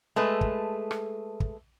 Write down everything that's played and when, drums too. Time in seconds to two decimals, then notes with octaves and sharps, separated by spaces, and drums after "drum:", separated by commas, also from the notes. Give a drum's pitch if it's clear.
0.16 G#3 A3 A4 B4
0.41 drum: kick
0.91 drum: rim click
1.40 drum: kick